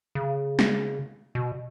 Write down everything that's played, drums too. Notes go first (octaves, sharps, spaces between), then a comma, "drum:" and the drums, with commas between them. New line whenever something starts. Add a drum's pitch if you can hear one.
C#3
drum: snare
B2